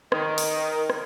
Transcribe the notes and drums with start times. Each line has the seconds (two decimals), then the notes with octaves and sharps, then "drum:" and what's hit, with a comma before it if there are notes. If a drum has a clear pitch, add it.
0.12 D#3, drum: rim click
0.38 drum: open hi-hat
0.90 drum: rim click